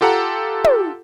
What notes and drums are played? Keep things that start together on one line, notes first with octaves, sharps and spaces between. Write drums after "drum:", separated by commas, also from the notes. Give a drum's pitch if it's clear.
F4 G4 A4 F#5 A#5
drum: tom